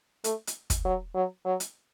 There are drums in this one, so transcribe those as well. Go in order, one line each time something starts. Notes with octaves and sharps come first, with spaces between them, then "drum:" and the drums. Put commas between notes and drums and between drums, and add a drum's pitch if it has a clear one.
A3, drum: hi-hat
drum: hi-hat
drum: kick, hi-hat
F#3
F#3
F#3
drum: hi-hat